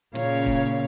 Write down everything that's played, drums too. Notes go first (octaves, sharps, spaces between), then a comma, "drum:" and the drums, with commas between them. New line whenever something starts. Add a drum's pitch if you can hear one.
A#2 C#3 C#5 F5, drum: snare
drum: kick